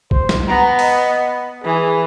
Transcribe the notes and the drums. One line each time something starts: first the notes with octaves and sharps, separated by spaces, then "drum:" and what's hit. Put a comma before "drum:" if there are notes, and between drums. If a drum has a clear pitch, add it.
C5, drum: kick
drum: snare
B3 A#5
D#5, drum: open hi-hat
E3 G#4